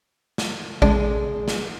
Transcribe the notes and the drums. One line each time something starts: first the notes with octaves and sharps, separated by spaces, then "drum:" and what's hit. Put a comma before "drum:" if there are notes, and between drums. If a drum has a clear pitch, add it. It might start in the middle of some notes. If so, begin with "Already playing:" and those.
drum: snare
G#3 D4, drum: kick A1
drum: snare